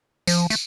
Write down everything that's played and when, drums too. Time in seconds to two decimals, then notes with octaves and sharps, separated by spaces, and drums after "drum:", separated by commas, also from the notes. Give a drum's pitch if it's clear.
0.27 F3, drum: tambourine
0.50 A3, drum: tambourine